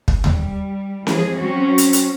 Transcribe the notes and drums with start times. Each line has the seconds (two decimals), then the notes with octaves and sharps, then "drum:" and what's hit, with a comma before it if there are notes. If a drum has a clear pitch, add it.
0.08 drum: kick
0.24 G3, drum: tom D#2
1.07 E3 F3 G#3 G#4, drum: snare C4
1.39 F#3 C4 C#4 F#4
1.78 drum: hi-hat
1.93 drum: hi-hat